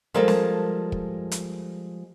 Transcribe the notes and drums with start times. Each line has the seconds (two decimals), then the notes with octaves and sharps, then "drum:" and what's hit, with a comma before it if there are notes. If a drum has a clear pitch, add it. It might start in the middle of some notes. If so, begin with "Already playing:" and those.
0.14 F3 G3 G#3 A4 A#4 A5
0.28 drum: snare
0.92 drum: kick
1.32 drum: hi-hat